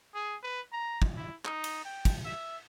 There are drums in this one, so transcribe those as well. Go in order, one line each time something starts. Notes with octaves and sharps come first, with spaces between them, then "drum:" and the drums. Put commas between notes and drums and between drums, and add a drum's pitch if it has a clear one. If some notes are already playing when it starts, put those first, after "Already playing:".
G#4
B4
A#5
drum: kick
E4
D#4, drum: clap
drum: cymbal
G5
drum: kick, cymbal
E5